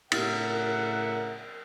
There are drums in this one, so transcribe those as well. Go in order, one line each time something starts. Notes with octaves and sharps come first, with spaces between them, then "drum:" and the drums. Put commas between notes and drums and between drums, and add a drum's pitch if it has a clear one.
A2 C#3 A#4 E5 F#5, drum: cymbal